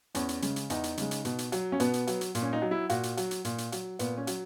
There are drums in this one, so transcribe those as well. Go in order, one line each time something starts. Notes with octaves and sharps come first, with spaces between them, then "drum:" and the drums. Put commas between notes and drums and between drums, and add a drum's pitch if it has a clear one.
E2 C#4, drum: hi-hat
drum: hi-hat
C#3 G#3, drum: hi-hat
drum: hi-hat
E2 D#4, drum: hi-hat
drum: hi-hat
C#3 G#3, drum: hi-hat
drum: hi-hat
B2, drum: hi-hat
drum: hi-hat
F#3, drum: hi-hat
C#4
B2 B3, drum: hi-hat
drum: hi-hat
F#3, drum: hi-hat
drum: hi-hat
A#2, drum: hi-hat
C#4
D#4
F#3
E4
A#2 F#4, drum: hi-hat
drum: hi-hat
F#3, drum: hi-hat
drum: hi-hat
A#2, drum: hi-hat
drum: hi-hat
F#3, drum: hi-hat
A#2 B3, drum: hi-hat
C#4
F#3, drum: hi-hat